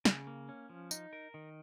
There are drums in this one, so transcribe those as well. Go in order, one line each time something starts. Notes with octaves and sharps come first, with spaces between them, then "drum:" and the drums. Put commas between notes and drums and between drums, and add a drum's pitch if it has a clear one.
C#3, drum: snare
A#3
C#4
F3
D#4, drum: tambourine
A#4
D#3